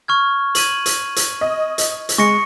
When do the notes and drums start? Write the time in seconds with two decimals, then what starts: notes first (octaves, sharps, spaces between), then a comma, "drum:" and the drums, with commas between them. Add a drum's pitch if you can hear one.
0.08 C#6 F6 G#6
0.55 G#6 D#7 F#7, drum: hi-hat
0.86 drum: hi-hat
1.16 drum: hi-hat
1.41 D#5
1.78 drum: hi-hat
2.09 drum: hi-hat
2.18 G#3 C#6 A#6 C#7